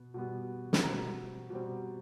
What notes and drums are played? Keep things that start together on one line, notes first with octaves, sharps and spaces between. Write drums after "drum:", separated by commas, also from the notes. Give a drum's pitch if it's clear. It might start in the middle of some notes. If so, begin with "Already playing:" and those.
Already playing: B2 B3
B2 G3 B3
drum: snare
B2 G3 C4 A#5
B2 G3 C4